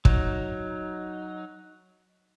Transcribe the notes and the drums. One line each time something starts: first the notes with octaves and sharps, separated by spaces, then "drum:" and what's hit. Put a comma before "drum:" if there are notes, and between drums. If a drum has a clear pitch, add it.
F#3 D#4, drum: kick